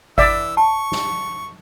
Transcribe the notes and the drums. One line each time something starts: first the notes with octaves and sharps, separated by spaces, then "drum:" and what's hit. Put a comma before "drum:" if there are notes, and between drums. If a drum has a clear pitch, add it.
E3 D5 E5 E6, drum: kick G#1
A5 C#6
drum: snare